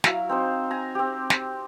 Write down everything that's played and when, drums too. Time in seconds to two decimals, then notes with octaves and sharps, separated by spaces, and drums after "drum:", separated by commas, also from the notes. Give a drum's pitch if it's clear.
0.04 F#3 E4 F5 A#5, drum: snare
0.29 C4 D#4 C5
0.71 G#5 A#5
0.95 C4 G4
1.30 drum: snare